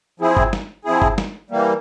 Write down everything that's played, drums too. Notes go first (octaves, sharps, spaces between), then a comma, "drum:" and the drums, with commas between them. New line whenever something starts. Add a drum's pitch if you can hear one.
F3 C4 E4 G#4
drum: kick G1
drum: snare
F3 C4 E4 G#4
drum: kick G1
drum: snare
E3 G3 A#3